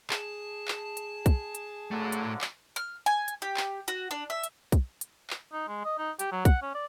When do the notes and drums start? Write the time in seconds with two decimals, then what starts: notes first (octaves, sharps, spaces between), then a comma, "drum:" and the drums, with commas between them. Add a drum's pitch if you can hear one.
0.10 G#4 A5, drum: clap
0.68 drum: clap
0.97 drum: hi-hat
1.26 drum: kick, hi-hat
1.55 drum: hi-hat
1.91 G#1 A2 D3 F#3 A3
2.12 drum: hi-hat
2.41 drum: clap
2.76 F6
3.06 G#5
3.28 drum: hi-hat
3.42 G4
3.57 drum: clap
3.88 F#4, drum: hi-hat
4.11 D4
4.30 E5
4.43 drum: hi-hat
4.72 drum: kick, hi-hat
5.01 drum: hi-hat
5.30 drum: clap
5.52 D#4
5.68 G#3
5.85 D#5
5.98 D#4
6.19 G4, drum: hi-hat
6.32 F#3
6.45 F#5, drum: kick, hi-hat
6.62 C#4
6.75 D5